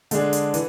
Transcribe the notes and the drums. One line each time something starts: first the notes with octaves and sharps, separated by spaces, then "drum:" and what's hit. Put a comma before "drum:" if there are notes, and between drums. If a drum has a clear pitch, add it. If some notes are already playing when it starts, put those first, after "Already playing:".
D3 G#3 D4 G#4, drum: hi-hat
drum: hi-hat
E3, drum: hi-hat